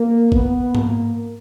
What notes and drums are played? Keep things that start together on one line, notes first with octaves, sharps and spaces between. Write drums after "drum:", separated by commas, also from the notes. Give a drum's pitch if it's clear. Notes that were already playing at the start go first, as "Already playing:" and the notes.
Already playing: A#3
B3, drum: kick
A#3, drum: tom G#2